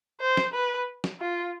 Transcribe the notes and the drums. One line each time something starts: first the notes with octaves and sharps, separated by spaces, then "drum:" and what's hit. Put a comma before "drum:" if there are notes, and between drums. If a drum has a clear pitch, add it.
C5
drum: snare
B4
drum: snare
F4